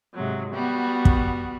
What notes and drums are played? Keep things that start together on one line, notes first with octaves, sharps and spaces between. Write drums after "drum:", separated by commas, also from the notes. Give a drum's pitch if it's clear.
G#2 C3 F#3
G3 B3 F#4
drum: kick